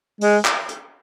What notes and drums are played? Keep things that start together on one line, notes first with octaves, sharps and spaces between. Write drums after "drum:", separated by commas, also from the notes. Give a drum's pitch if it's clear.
G#3, drum: open hi-hat
drum: clap
drum: hi-hat